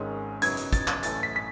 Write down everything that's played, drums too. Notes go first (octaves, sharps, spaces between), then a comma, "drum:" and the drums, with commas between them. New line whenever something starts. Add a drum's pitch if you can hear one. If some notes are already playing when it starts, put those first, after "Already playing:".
Already playing: G#1 G#2 D#3 G#3 C#4
F#2 C#3 F#3 B3 D#4 G#6, drum: hi-hat
drum: hi-hat
A6, drum: kick, hi-hat
drum: clap
A1 A2 E3 A3 C#4 A6, drum: hi-hat
B6
B6